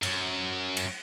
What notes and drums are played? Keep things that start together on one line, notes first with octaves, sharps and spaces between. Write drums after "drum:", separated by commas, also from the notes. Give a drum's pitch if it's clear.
F#2, drum: cymbal
drum: cymbal